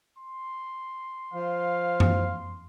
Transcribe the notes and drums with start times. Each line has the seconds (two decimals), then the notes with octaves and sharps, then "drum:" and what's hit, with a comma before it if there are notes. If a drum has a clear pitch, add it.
0.19 C6
1.34 F3 F5
2.00 drum: tom F#2